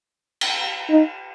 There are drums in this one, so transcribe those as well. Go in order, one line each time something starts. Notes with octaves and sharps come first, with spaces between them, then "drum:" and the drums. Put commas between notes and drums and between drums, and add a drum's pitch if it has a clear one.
drum: cymbal
D#4